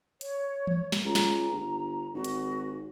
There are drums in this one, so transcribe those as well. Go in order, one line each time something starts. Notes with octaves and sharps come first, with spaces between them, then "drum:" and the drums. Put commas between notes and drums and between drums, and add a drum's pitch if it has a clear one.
C#5, drum: hi-hat
drum: tom E3
drum: snare
C#2 A#5
drum: snare
G1
G#1 F#4
drum: hi-hat